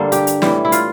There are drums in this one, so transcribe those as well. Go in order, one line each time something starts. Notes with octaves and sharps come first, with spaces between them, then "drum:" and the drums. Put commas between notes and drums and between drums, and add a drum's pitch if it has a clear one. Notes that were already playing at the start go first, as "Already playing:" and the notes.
Already playing: G2 D3 G3 A#3 A4
G4, drum: hi-hat
drum: hi-hat
A2 E3 G3, drum: snare
E4
F4, drum: hi-hat